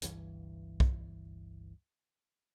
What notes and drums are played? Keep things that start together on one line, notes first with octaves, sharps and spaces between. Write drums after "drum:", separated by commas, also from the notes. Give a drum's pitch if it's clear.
G1 C#2 G2 E3, drum: hi-hat
drum: kick B1